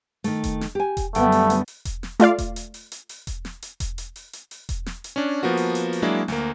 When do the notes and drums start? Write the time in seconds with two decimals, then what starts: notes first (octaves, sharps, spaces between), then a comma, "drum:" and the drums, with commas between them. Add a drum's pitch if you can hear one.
0.24 D#3 A3, drum: open hi-hat
0.44 drum: kick E1, hi-hat
0.61 drum: snare
0.75 G4 G#5
0.97 drum: kick E1, hi-hat
1.15 F#2 D3 G3 A3 B3 G5, drum: hi-hat
1.32 drum: open hi-hat
1.50 drum: hi-hat
1.68 drum: open hi-hat
1.85 drum: kick E1, hi-hat
2.03 drum: snare
2.20 A3 F4 D5 F5, drum: hi-hat
2.38 drum: kick E1, hi-hat
2.56 drum: hi-hat
2.74 drum: open hi-hat
2.92 drum: hi-hat
3.09 drum: open hi-hat
3.27 drum: kick E1, hi-hat
3.45 drum: snare
3.62 drum: hi-hat
3.80 drum: kick E1, hi-hat
3.98 drum: hi-hat
4.16 drum: open hi-hat
4.33 drum: hi-hat
4.51 drum: open hi-hat
4.69 drum: kick E1, hi-hat
4.86 drum: snare
5.04 drum: hi-hat
5.16 C#4 D4
5.43 F3 A#3 B3 F#4
5.57 drum: open hi-hat
5.75 drum: hi-hat
5.93 drum: open hi-hat
6.02 F#3 G#3 A#3 D4 E4
6.28 D2 A#3, drum: snare